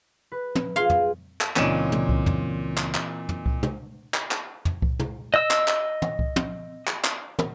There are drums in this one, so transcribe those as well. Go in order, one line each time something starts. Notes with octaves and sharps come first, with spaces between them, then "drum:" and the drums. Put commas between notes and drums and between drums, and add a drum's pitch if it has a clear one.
B4
drum: tom
F4 G#4 F5 C6
drum: tom F2
drum: clap
C#2 A#2 E3 C4 C#4 D#4 D5 E7, drum: clap
drum: tom
drum: kick C2
drum: tom F2
drum: clap
drum: clap
drum: tom F2
drum: kick C2
drum: tom
drum: clap
drum: clap
drum: tom F2
drum: kick C2
drum: tom
D#5 E6
drum: clap
drum: clap
drum: tom
drum: kick C2
drum: tom
drum: clap
drum: clap
drum: tom